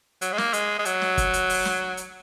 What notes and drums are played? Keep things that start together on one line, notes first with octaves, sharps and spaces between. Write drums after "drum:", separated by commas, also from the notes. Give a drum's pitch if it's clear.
F#3, drum: hi-hat
G#3
A#3, drum: snare
G#3, drum: hi-hat
G#3
F#3, drum: hi-hat
drum: snare
drum: kick, hi-hat
drum: hi-hat
drum: open hi-hat
drum: snare
drum: hi-hat